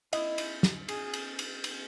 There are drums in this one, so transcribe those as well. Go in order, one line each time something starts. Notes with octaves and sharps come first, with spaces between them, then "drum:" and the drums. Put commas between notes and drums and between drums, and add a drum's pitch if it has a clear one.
E4 D#5, drum: cymbal
drum: cymbal
drum: snare
G#4, drum: cymbal
drum: cymbal
drum: cymbal
drum: cymbal